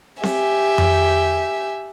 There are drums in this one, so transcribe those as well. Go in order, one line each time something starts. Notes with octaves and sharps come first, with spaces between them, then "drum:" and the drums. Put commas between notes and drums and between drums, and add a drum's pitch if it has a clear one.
G4 E5 G#5, drum: snare C4
drum: tom F2